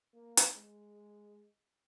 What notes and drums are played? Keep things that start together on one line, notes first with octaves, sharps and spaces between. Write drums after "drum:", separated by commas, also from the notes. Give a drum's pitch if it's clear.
A#3
drum: hi-hat
G#3